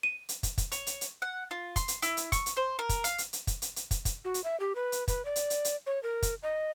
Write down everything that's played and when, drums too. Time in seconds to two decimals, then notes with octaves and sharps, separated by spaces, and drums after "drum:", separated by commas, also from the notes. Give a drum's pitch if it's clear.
0.03 D#7
0.29 drum: hi-hat
0.43 drum: kick, hi-hat
0.58 drum: kick, hi-hat
0.72 C#5, drum: hi-hat
0.87 drum: hi-hat
1.01 drum: hi-hat
1.22 F#5
1.51 F4
1.76 C6, drum: kick, hi-hat
1.88 drum: hi-hat
2.02 E4, drum: hi-hat
2.17 drum: hi-hat
2.32 C#6, drum: kick, hi-hat
2.46 drum: hi-hat
2.57 C5
2.79 A#4
2.89 drum: kick, hi-hat
3.04 F5, drum: hi-hat
3.18 drum: hi-hat
3.33 drum: hi-hat
3.47 drum: kick, hi-hat
3.62 drum: hi-hat
3.76 drum: hi-hat
3.91 drum: kick, hi-hat
4.05 drum: kick, hi-hat
4.25 F#4
4.34 drum: hi-hat
4.44 E5
4.60 G4
4.75 B4
4.92 drum: hi-hat
5.08 B4, drum: kick, hi-hat
5.25 D5
5.36 drum: hi-hat
5.50 drum: hi-hat
5.65 drum: hi-hat
5.86 C#5
6.03 A#4
6.22 drum: kick, hi-hat
6.43 D#5